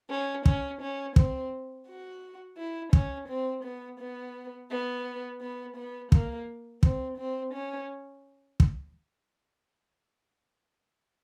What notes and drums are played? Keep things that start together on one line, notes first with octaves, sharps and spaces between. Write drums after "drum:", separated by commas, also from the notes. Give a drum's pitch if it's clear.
C#4
C#4, drum: kick
C#4
C4, drum: kick
F#4
E4
C#4, drum: kick
C4
B3
B3
B3
B3
B3
A#3, drum: kick
C4, drum: kick
C4
C#4
drum: kick